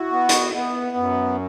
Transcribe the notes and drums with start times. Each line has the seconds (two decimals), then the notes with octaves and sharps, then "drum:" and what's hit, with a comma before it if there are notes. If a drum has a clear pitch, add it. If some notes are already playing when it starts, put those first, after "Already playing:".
Already playing: E4 F#4
0.11 B3
0.29 drum: hi-hat
0.54 B3
0.97 F#2